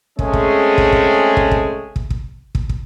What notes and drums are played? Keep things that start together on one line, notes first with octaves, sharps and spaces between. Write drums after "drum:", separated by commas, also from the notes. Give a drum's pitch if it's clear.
G#3 A3 C4 C#4 G#4, drum: kick
drum: kick
drum: kick
drum: kick
drum: kick
drum: kick
drum: kick
drum: kick
drum: kick
drum: kick